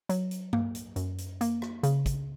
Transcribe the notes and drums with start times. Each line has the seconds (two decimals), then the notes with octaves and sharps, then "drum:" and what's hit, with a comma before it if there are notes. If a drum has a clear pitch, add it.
0.09 F#3, drum: hi-hat
0.31 drum: hi-hat
0.53 A#3, drum: tom G2
0.75 drum: hi-hat
0.96 F#2, drum: hi-hat
1.18 drum: hi-hat
1.41 A#3, drum: hi-hat
1.62 drum: rim click
1.83 C#3, drum: hi-hat
2.06 drum: kick, hi-hat